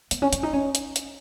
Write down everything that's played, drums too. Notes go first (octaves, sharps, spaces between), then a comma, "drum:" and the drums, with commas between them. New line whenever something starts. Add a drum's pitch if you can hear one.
B3, drum: hi-hat
C#4
C#4, drum: hi-hat
D#4
C#4
drum: hi-hat
drum: hi-hat